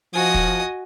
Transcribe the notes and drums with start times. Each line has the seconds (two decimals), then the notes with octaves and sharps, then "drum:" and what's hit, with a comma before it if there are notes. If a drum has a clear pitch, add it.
0.14 F3 F#4 D#5 G#5 D#6
0.34 drum: kick